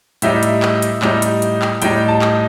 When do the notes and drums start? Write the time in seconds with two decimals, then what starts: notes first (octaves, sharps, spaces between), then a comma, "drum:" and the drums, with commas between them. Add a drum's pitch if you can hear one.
0.22 A2 G3 D#4 E5, drum: hi-hat
0.43 drum: hi-hat
0.63 drum: clap
0.82 drum: hi-hat
1.02 A2 G3 D#4, drum: clap
1.22 drum: hi-hat
1.42 drum: hi-hat
1.62 drum: clap
1.82 A2 G3 D#4 G5, drum: hi-hat
2.08 A5
2.22 drum: clap